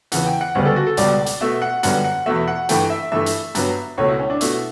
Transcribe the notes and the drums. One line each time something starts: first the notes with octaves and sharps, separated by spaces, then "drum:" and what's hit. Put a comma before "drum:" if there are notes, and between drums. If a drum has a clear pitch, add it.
E2 C#3 E3 B3 F#5, drum: hi-hat
G5
F#5
D2 C#3 G3 B3
A4
F#4
A4
C#2 B2 G3 D5, drum: hi-hat
drum: hi-hat
B2 A3 E5
F#5
F#2 D3 G3 B3 F#5, drum: hi-hat
F#5
E2 B2 A3 E5
F#5
G2 E3 A3 G5, drum: hi-hat
E5
G2 E3 A3 E5
drum: hi-hat
G2 F#3 B3, drum: hi-hat
C#2 B2 A3 C#5
E4
C#4
D4
B2 A3 E4, drum: hi-hat